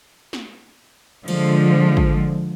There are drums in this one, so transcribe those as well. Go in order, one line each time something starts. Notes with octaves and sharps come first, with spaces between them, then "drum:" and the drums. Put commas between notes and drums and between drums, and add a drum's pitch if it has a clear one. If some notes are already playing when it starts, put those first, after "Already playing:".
drum: snare
D3 F3 G#3, drum: cymbal
drum: kick